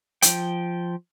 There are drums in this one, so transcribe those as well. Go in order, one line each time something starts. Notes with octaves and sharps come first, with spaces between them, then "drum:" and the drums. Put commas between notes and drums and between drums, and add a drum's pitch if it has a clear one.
F3 G5, drum: hi-hat